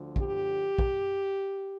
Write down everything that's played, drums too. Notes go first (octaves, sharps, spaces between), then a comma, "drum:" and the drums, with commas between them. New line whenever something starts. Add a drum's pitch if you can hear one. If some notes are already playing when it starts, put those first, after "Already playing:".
Already playing: D2 D3 F3
G4, drum: kick
drum: kick